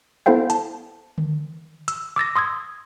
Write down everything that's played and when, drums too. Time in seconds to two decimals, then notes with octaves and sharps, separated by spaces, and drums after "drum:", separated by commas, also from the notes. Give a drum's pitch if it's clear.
0.26 B3 E4 A4 C5 F5 G5
0.50 A5, drum: hi-hat
1.18 drum: tom D3
1.88 E6, drum: hi-hat
2.16 D6 E6 A6 A#6
2.36 C6 D#6 E6 G#6